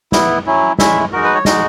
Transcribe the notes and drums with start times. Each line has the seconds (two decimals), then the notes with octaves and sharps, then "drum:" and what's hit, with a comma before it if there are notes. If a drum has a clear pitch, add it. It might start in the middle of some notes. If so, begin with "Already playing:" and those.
0.12 B3 E4, drum: snare
0.46 F#3 C#4 E4
0.79 G#3 C#4 E4 E5, drum: snare
1.12 G#3 D#4 F#4 A#4
1.24 B4
1.35 C#5
1.45 G#3 D#4 F#4 D#5, drum: snare